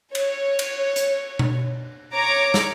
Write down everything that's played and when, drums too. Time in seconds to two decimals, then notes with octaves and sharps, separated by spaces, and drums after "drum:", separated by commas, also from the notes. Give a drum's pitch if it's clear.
0.15 C#5, drum: cymbal
0.59 drum: cymbal
0.96 drum: hi-hat
1.39 drum: tom B2
2.14 C#5 A#5 D6
2.54 drum: snare